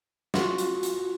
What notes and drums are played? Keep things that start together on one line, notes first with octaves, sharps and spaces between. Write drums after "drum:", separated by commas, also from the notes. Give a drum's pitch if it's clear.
F4 F#4, drum: snare
drum: hi-hat
drum: hi-hat